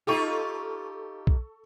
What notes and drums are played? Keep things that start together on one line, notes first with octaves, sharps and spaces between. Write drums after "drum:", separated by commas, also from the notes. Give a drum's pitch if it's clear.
D#4 F4 G4 A4 C#6
drum: kick B1